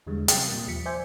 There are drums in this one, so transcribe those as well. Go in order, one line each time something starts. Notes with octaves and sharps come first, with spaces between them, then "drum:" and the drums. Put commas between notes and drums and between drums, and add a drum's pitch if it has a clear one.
E2 D3 E3 G3 G#3
C3 F#3 G5 D#6 A6 C7, drum: hi-hat
A#2 G3 A#3
D#2 F3 B6 C#7
C5 D5 E5 G#5 G6